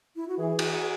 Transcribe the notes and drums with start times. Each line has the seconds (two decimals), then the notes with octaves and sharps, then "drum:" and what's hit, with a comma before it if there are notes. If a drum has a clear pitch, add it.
0.16 E4
0.28 F#4
0.38 E3 G#4
0.59 drum: cymbal